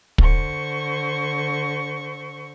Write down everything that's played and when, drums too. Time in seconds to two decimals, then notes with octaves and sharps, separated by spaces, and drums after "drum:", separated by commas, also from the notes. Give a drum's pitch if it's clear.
0.18 D3 C5 C#6, drum: kick